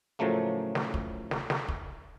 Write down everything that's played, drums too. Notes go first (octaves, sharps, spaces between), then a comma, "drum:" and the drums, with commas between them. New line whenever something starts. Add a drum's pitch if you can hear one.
A2 C#3 F3 F#3 A3 A#3
drum: snare
drum: kick
drum: snare
drum: snare
drum: kick